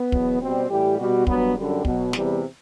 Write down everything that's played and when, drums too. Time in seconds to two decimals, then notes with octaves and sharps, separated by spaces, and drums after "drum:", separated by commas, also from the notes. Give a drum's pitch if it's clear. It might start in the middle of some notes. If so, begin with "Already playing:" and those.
Already playing: B3
0.12 E2 B2 F#3, drum: kick
0.40 B2 G3 C4
0.69 A2 E3 G3 G4
0.98 B2 G3 F#4
1.27 G2 F#3 B3, drum: kick
1.56 F#2 D3 G3
1.85 B2 F#3, drum: kick
2.13 E2 C3 E3 G3, drum: snare